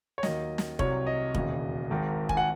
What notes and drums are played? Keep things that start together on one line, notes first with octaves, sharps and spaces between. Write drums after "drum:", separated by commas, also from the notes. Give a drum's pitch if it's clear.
C#5
D#2 D#3 F#3 D#5, drum: snare
drum: snare
C2 C3 F#3 C#5, drum: kick F1
D#5
E1 D#2 C#3 F#3, drum: kick F1
G#1 G#2 D#3
G#5, drum: kick F1
F#5